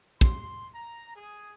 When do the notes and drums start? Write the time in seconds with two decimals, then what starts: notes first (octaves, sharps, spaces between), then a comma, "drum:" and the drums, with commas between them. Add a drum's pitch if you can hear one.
0.21 C6, drum: kick
0.74 A#5
1.16 G#4